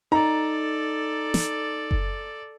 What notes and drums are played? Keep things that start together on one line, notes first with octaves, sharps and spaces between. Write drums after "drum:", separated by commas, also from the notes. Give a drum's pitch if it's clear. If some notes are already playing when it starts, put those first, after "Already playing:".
D#4 A4 D5 A#5
drum: snare
drum: kick F#1